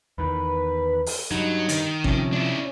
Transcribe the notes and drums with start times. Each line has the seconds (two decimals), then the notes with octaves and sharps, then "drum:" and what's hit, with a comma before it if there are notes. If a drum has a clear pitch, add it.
0.18 E2 D#3 B4
1.06 drum: open hi-hat
1.31 G2 F#3 D#4
1.69 D#3, drum: hi-hat
2.04 C3 F3 C#4, drum: kick G#1
2.33 D4 E4